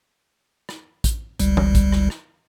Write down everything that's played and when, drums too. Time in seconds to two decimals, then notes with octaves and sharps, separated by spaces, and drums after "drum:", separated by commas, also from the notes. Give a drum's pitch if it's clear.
0.69 drum: rim click
1.04 drum: kick A1, hi-hat
1.39 G1 C#2 G3, drum: hi-hat
1.57 drum: tom
1.75 drum: kick A1, hi-hat
1.92 drum: rim click
2.10 drum: rim click